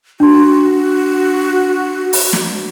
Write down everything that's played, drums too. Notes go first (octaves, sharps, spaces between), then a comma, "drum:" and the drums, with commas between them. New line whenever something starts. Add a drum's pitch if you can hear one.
D4 F#4 C6
drum: open hi-hat
drum: snare